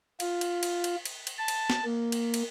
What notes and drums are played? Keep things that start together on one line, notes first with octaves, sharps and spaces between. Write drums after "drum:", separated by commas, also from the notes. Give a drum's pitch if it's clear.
F4, drum: cymbal
drum: cymbal
drum: cymbal
drum: cymbal
drum: cymbal
drum: cymbal
A5
drum: cymbal
drum: snare
A#3
drum: cymbal
drum: cymbal